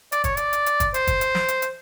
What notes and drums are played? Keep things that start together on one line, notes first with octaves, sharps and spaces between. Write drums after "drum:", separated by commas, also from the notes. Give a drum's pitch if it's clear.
D5, drum: hi-hat
C#5, drum: kick, hi-hat
D5, drum: hi-hat
drum: hi-hat
drum: hi-hat
drum: kick, hi-hat
C5, drum: hi-hat
drum: kick, hi-hat
drum: hi-hat
drum: snare
drum: hi-hat
drum: hi-hat